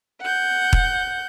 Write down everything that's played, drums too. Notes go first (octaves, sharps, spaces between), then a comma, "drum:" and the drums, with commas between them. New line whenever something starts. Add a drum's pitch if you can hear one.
F#5 G6
drum: kick E1